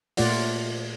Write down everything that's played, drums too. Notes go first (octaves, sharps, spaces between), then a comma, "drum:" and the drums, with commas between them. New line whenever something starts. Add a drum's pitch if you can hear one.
A#2 A3 F4 D5 F#5, drum: open hi-hat